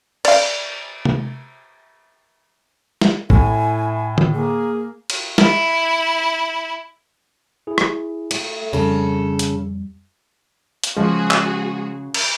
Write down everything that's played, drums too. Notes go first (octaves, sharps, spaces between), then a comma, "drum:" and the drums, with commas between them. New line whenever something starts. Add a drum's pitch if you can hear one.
D5 F5, drum: cymbal
drum: tom
drum: snare
A2 E4 G#5, drum: kick A1
drum: tom D3
A#3 G#4
drum: cymbal
E4, drum: snare
E4 G#4
drum: rim click
A3, drum: cymbal
F2 C#3 G3 A4
drum: hi-hat
drum: hi-hat
C#3 F3 G#3 F#4 G#4
drum: clap
drum: cymbal